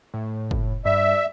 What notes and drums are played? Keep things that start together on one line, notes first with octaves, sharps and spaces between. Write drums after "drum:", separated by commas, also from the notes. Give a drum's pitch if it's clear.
A2
drum: kick
G2 D5 E5